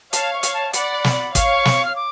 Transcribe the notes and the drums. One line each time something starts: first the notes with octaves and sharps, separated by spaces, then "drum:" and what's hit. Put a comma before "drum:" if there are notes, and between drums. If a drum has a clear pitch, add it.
C#5 F5 A5, drum: hi-hat
C#6
C#5 F5, drum: hi-hat
A5
D5 F#5 B5, drum: hi-hat
drum: snare
C#5 F5 C#6, drum: kick, hi-hat
drum: snare
F6
D6